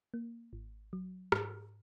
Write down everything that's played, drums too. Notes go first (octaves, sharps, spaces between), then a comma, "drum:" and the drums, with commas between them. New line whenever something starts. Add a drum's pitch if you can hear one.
A#3
G#1
F#3
G#2, drum: rim click